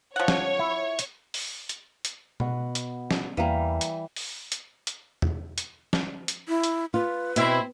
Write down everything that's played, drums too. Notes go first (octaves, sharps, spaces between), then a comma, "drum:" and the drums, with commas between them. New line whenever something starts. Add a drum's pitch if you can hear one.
F3 C#5 F#5
drum: snare
E4
drum: hi-hat
drum: open hi-hat
drum: hi-hat
drum: hi-hat
B2 F#5, drum: tom B2
drum: hi-hat
drum: snare
E2 E3 G3 A#3 F5 A#5
drum: hi-hat
drum: open hi-hat
drum: hi-hat
drum: hi-hat
drum: tom
drum: hi-hat
drum: snare
drum: hi-hat
E4
drum: hi-hat
F4 B4
B2 C4 E4, drum: hi-hat